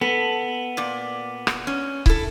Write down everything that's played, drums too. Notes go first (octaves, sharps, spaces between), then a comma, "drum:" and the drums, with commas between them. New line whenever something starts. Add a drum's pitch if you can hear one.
B3 A4
A#2 D5
drum: rim click
C#4
E4 A4, drum: kick C#1